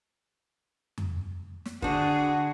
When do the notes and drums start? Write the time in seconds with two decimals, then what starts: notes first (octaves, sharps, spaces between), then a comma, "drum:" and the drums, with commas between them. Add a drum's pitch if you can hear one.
0.98 drum: tom F2
1.65 drum: snare
1.82 D3 D4 F#4 G#4 C5, drum: kick